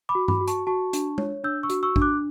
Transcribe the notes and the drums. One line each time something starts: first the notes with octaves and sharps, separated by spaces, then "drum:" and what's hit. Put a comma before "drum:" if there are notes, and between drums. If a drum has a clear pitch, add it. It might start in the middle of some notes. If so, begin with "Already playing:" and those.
B5 D6
F#4
B5 D6, drum: tom G2
F#4
A5 C#6, drum: hi-hat
F#4 A5 C#6
D4, drum: hi-hat
C#5, drum: tom G#3
D4 E6 G6
C#6 E6
F#4, drum: hi-hat
C#6 E6
D4, drum: kick
D6 F#6